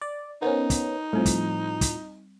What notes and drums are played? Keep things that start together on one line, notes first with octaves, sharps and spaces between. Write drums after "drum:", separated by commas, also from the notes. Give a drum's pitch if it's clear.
D5
B3 C#4 D#4 A#4 C5
drum: kick, hi-hat
A2 F3 G3 C4
drum: kick, hi-hat
drum: kick, hi-hat